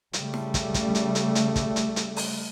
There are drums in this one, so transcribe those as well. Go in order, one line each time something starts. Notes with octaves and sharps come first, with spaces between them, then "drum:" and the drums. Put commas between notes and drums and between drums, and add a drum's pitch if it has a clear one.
C#3 G3 A3, drum: hi-hat
drum: snare
drum: kick, hi-hat
drum: kick, hi-hat
drum: hi-hat
drum: hi-hat
drum: hi-hat
drum: kick, hi-hat
drum: hi-hat
drum: hi-hat
drum: open hi-hat